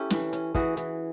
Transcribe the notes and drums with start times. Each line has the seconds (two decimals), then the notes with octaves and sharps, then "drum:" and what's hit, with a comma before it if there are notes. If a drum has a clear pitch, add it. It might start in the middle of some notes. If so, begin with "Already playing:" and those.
Already playing: C#4 E4 G4 A4
0.10 E3, drum: snare
0.33 C#4, drum: hi-hat
0.55 E3 F#4 G#4, drum: kick
0.77 E3, drum: hi-hat